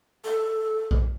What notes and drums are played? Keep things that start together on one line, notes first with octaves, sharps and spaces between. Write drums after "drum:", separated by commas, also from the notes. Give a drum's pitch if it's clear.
A4
drum: kick A#1